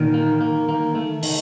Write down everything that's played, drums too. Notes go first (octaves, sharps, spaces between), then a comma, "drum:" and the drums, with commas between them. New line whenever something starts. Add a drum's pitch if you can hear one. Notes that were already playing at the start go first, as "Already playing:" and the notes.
Already playing: A#2 D#3
A#3
A#3
A#3
A3
D#3, drum: open hi-hat